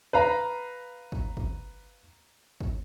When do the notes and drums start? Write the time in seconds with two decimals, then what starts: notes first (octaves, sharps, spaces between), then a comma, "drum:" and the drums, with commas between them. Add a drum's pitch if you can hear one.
0.13 B4 F5 A#5
1.12 drum: kick
1.37 drum: kick
2.61 drum: kick